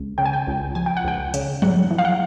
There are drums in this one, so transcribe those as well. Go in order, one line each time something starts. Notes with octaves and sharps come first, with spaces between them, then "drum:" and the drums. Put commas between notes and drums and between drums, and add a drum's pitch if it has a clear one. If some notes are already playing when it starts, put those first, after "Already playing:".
Already playing: C#2
C#3 G5
G#5
G5
C#2
F3 G#5
G5
F#5
C#2 G5
C#3, drum: hi-hat
G#2 F#5, drum: tom F3
E3
F5
F#5